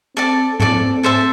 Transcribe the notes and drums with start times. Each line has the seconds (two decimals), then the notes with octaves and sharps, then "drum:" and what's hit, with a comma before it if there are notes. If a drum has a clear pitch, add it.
0.16 C4 A4 D5 A5
0.60 C4 A4 D5 A5, drum: tom G#2
1.03 A4 C5 E5 A5